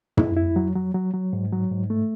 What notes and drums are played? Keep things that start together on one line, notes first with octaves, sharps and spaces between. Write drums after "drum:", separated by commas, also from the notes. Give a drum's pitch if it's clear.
E4, drum: tom
E4
F#3
F#3
F#3
F#3
G#2
F#3
G#2
A3